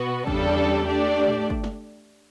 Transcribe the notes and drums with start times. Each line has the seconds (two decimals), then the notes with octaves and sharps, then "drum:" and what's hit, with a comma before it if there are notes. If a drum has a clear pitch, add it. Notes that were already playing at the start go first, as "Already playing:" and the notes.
Already playing: B2 B3 F#4
0.27 E2 C#3 G3 D4 A4, drum: kick
0.86 A3 D4 G4 D5
1.27 drum: tom
1.50 drum: kick
1.64 drum: snare